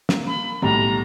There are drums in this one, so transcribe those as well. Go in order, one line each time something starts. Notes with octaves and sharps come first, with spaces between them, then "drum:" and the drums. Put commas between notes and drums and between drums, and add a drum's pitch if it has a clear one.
A#3, drum: snare
B5
B1 A2 G3 A#5